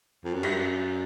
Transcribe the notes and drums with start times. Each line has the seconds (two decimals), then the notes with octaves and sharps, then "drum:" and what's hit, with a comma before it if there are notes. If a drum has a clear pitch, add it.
0.25 F2
0.34 F#2
0.43 G2, drum: cymbal
0.52 F#2